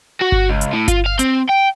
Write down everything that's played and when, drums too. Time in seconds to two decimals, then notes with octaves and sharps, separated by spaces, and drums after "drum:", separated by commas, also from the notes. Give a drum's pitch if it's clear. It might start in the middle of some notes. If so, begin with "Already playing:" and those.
0.21 F#4
0.32 drum: kick G1
0.49 C#2
0.61 drum: hi-hat
0.73 A2
0.88 F4, drum: kick G1, hi-hat
1.06 F5
1.19 C4, drum: hi-hat
1.49 G5